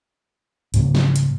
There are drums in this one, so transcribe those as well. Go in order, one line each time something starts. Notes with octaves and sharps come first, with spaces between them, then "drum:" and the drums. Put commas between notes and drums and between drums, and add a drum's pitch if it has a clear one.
G#2 C#3 G3 A#3, drum: hi-hat
drum: snare
drum: hi-hat